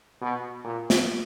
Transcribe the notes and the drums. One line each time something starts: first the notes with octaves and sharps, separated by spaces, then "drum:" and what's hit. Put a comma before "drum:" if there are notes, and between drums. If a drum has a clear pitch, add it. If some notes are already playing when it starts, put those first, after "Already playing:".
B2
A#2
drum: snare